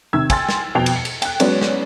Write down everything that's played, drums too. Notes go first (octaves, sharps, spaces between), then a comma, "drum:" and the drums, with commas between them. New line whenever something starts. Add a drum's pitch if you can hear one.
C3 D#3 E6 G#6
G5 G#5 C6 F6 A6, drum: kick, cymbal
drum: snare
F2 B2 G5 G#6 C7 F7
drum: cymbal
C#7
drum: cymbal
G5 F#6, drum: cymbal
F#3 G#3 B3 C#4 D5, drum: cymbal
drum: snare